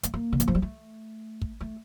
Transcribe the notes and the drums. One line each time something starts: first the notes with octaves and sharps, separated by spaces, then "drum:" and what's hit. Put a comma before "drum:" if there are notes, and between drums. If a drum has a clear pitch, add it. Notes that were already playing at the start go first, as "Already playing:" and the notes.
A3, drum: hi-hat
A#3
D3
E3, drum: hi-hat
F3
G3
A3
drum: kick
A3